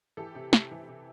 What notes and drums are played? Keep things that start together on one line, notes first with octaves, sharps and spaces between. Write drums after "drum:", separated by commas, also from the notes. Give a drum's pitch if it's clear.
E3 G4 A4
C3
C3, drum: snare
E3
C3